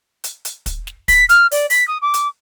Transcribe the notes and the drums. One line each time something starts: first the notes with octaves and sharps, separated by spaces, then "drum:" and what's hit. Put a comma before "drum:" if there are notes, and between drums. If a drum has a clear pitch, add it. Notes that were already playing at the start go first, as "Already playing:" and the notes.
drum: hi-hat
drum: hi-hat
drum: kick, hi-hat
drum: snare
B6, drum: kick, open hi-hat
F6, drum: hi-hat
D5, drum: open hi-hat
B6, drum: open hi-hat
D#6
D6
drum: hi-hat